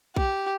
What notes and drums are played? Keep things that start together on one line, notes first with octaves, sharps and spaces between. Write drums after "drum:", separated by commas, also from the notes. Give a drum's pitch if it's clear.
G4, drum: kick A#1